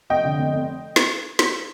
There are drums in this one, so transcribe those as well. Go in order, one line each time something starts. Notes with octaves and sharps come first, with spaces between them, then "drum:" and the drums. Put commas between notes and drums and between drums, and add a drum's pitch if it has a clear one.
F1 D#5 G5
D3
F1
F1
drum: snare
drum: snare